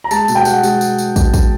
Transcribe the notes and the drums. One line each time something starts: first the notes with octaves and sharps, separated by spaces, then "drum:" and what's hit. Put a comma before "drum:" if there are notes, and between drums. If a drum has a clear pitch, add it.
A#5
G#3 A5, drum: tambourine
B2, drum: tambourine
G5
G#3 F#5, drum: tambourine
G#3, drum: tambourine
drum: tambourine
drum: tambourine
drum: kick, tambourine
drum: kick, tambourine